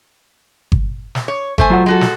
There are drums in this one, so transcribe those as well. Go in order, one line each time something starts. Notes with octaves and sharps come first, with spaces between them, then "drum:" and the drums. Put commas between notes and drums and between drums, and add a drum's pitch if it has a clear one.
drum: kick G1
drum: snare
C#5
A3 C5 G#5, drum: kick G1
F#3 F4 F#5
G#3 F#4 A4
drum: snare